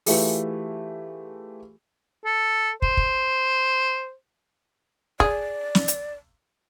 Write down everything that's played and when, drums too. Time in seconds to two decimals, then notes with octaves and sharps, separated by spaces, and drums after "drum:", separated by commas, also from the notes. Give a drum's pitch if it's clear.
0.06 E3 A3 F4 G4 G#4, drum: open hi-hat
2.25 A4
2.82 C5, drum: kick
2.97 drum: kick
5.20 G#4 D5, drum: kick
5.75 drum: snare
5.88 drum: hi-hat